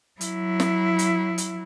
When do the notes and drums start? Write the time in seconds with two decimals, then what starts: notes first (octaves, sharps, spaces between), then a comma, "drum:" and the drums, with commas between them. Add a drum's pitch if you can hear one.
0.21 F#3 E4, drum: hi-hat
0.60 drum: snare
0.99 drum: hi-hat
1.38 drum: hi-hat